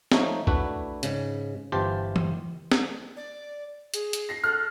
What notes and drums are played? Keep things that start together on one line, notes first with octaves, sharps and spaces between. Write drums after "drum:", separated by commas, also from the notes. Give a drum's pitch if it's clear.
F3 A3 D#4 C#5, drum: snare
A3 D4 E4 F#4 B4, drum: kick B1
G#2 C#3, drum: hi-hat
G1 E3 F4 G4 C5 A5
drum: tom E3
drum: snare
D5
G#4, drum: hi-hat
drum: hi-hat
A#6 C7
A4 F6 F#6